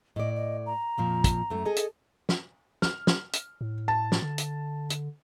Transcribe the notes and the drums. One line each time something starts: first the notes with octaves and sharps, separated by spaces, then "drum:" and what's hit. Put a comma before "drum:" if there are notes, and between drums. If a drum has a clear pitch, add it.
A2 D5 D#5
D#5
A#5
F2 A#2 F3
drum: kick, hi-hat
F#2 A3
G#4 A4 D#5
drum: hi-hat
drum: snare
F6, drum: snare
drum: snare
drum: hi-hat
A2
A5
drum: snare
D3
drum: hi-hat
drum: hi-hat